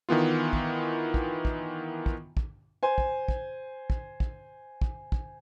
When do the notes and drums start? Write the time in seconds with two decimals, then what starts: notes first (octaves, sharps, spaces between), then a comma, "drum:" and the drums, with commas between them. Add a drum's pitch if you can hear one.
0.09 D#3 E3 B3 F4
0.53 drum: kick
1.14 drum: kick
1.45 drum: kick
2.06 drum: kick
2.37 drum: kick
2.83 C5 G#5
2.98 drum: kick
3.28 drum: kick
3.90 drum: kick
4.20 drum: kick
4.81 drum: kick
5.12 drum: kick